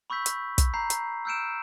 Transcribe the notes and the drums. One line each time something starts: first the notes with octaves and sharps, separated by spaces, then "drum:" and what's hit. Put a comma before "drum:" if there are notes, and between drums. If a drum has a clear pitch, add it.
B5 C#6 E6 G6 B6
drum: hi-hat
drum: kick, hi-hat
A#5 B5 G6 C7
drum: hi-hat
E6 F6 G6 C#7 D7 E7